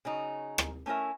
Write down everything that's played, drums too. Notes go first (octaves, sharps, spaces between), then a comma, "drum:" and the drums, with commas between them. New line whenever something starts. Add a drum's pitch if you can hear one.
C#3 F#3 D#4
drum: rim click
A3 C#4 E4 A#4 E5